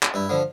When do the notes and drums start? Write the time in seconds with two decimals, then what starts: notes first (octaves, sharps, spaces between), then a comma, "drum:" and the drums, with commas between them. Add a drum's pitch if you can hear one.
0.03 drum: clap
0.14 G2 E4
0.29 D3 F3